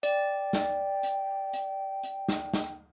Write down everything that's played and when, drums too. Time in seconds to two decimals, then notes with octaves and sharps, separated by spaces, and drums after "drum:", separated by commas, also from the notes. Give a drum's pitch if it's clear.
0.03 D5 G5, drum: hi-hat
0.53 drum: snare
1.03 drum: hi-hat
1.53 drum: hi-hat
2.03 drum: hi-hat
2.28 drum: snare
2.54 drum: snare